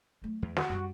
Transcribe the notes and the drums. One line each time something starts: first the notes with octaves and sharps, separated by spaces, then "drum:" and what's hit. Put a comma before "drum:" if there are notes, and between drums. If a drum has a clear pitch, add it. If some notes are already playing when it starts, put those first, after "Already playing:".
F#3 A3
E2
F#4, drum: snare
F#2 G3 D4